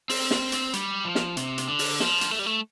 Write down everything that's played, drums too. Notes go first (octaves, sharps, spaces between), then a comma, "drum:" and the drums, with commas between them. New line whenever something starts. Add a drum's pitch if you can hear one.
C4, drum: open hi-hat
drum: snare
drum: hi-hat
G3, drum: hi-hat
F3
drum: snare
C3, drum: hi-hat
drum: hi-hat
D3
drum: open hi-hat
F3, drum: snare
drum: hi-hat
A3
G3
A3